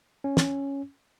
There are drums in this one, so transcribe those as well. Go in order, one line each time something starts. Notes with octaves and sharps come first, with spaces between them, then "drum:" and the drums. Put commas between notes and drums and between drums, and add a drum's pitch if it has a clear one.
C#4
drum: snare